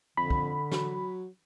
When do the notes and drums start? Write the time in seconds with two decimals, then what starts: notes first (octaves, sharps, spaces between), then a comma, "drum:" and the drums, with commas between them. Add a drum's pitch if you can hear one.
0.17 F2 D3 B5
0.30 drum: kick
0.72 F#3, drum: snare